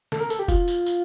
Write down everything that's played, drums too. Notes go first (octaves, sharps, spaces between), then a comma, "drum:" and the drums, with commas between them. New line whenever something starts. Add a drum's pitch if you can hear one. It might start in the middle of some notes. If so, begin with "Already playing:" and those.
A4, drum: snare
A#4
A4, drum: tambourine
G4
F4, drum: kick F1, tambourine
drum: tambourine
drum: tambourine